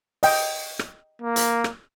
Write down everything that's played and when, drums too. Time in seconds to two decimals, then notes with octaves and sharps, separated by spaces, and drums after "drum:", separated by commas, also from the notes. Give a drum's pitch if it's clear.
0.23 D#5 G5, drum: open hi-hat
0.79 drum: rim click
1.22 A#3
1.36 drum: hi-hat
1.64 drum: rim click